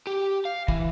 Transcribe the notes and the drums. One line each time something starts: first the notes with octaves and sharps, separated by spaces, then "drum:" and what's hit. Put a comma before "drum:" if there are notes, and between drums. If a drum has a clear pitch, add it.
G4
F5
E3, drum: kick